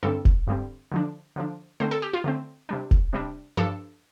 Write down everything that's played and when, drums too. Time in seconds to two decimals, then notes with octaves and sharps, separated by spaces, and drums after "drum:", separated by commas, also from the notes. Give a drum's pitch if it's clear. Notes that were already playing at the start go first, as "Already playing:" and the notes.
0.03 G2 D3 G3 C4 A4
0.25 drum: kick F1
0.47 G2 D3 G3 C4
0.92 D3 F3 D4
1.36 D3 F3 D4
1.80 D3 A3 C4 C5
1.91 A4
2.02 G4
2.13 F4
2.24 D3 A3 C4
2.69 C3 G3 D4
2.91 drum: kick F1
3.13 C3 G3 D4
3.57 G2 F3 D4 A4